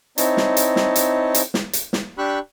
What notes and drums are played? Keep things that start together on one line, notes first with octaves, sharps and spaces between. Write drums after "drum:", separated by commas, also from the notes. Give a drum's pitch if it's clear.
C4 D#4 E4 C#5 D#5 A5, drum: hi-hat
drum: snare
drum: hi-hat
drum: snare
drum: hi-hat
drum: hi-hat
drum: snare
drum: hi-hat
drum: snare
D4 G4 B5 C#6 E6 F#6